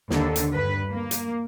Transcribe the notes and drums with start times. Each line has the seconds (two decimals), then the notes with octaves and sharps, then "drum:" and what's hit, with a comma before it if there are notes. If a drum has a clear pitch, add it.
0.10 D#2 D3 A4, drum: snare
0.36 drum: hi-hat
0.52 G2 B4
0.91 A#3
1.11 drum: hi-hat